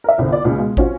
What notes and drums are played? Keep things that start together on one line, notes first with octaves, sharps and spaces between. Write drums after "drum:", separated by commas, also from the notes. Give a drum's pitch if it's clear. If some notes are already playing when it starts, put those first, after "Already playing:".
A#4 E5
G1 C2 D3 C4
F4 D5
C#2 A#2 C#3 G#3
B2 G#3 F4
C4 C#4 F4 F#4, drum: kick